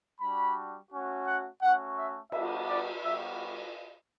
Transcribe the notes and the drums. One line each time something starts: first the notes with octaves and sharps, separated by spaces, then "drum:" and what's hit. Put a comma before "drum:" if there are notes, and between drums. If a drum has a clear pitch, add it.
G3 D4 F#4 B5
A3 C#4 F#4
F#5
A3 C#4 F#4 F#5
E5
G3 B3 D4 F#4 E5, drum: cymbal
D5
G3 B3 F#4 E5